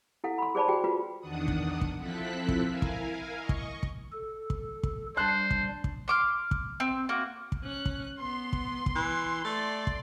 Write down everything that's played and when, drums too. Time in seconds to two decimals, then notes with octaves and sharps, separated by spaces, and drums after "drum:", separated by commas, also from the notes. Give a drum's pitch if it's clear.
0.24 E4 A4 F#5
0.38 B5 C6
0.55 G#4 C5 D5 A5 B5
0.68 F#4 G#4 G5
0.84 F4 F#4 B4
1.21 E2 D#3 D4 F#5 D#6
1.48 drum: kick
1.81 drum: kick
1.96 F3 C4 E4 A4 F#6 B6
2.48 drum: kick
2.68 E4 A#4 F5 G#5
2.82 drum: kick
3.38 D#5 C#6
3.49 drum: kick
3.83 drum: kick
4.12 A4
4.50 drum: kick
4.83 drum: kick
5.17 G3 D4 C5 A5 C6 F#6
5.51 drum: kick
5.84 drum: kick
6.08 C6 D6 F6
6.51 drum: kick
6.80 C4
7.09 A#3 F#4
7.52 drum: kick
7.63 C#4 F#6
7.86 drum: kick
8.20 B3 C6
8.53 drum: kick
8.86 drum: kick
8.95 E3
9.45 A3 D5
9.87 drum: kick